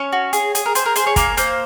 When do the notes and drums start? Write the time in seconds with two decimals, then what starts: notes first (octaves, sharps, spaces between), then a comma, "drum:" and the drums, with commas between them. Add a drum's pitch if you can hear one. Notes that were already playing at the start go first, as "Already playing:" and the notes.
Already playing: C#4 C#5
0.12 F#4
0.33 G#4, drum: hi-hat
0.55 G#4, drum: hi-hat
0.66 A#4
0.75 G#4 C5, drum: hi-hat
0.86 A#4
0.95 G#4 C5, drum: hi-hat
1.07 C#5
1.16 A#3 A#4, drum: kick, hi-hat
1.37 A#3 C5, drum: hi-hat